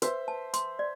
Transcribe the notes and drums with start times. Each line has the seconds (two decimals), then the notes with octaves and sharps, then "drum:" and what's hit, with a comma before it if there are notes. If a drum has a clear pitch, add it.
0.02 B4 C5 E5, drum: hi-hat
0.28 A5
0.54 C6, drum: hi-hat
0.79 D5